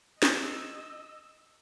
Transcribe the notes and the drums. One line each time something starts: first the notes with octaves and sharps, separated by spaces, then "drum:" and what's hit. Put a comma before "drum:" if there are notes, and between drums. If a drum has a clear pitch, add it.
D#5 E6, drum: snare